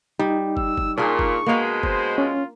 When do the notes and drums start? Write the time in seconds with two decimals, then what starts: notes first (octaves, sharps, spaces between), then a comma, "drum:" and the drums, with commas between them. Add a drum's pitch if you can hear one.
0.19 G3 D#4
0.57 E6, drum: kick
0.78 drum: kick
0.98 A#2 D4 G#4 C#6
1.19 drum: kick
1.46 B2 G#3 A#3 F5
1.83 C5, drum: kick
2.18 C#4 F4